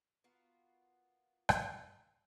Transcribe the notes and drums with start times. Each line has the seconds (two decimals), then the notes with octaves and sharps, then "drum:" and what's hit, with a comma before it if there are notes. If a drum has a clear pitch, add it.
0.24 B3 F4 F#4 A#4
1.49 drum: rim click